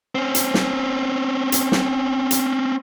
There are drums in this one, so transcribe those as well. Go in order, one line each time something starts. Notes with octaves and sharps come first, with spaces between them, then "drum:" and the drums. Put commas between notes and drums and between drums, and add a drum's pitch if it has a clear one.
C4 C#4
drum: hi-hat
drum: snare
drum: hi-hat
drum: snare
drum: hi-hat